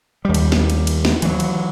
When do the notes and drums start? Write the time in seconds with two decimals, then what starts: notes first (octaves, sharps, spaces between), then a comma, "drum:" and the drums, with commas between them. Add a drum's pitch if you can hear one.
0.25 D#2 G3
0.34 drum: cymbal
0.52 drum: snare
0.70 drum: cymbal
0.87 drum: cymbal
1.05 drum: snare
1.22 E3 F#3, drum: cymbal
1.40 drum: cymbal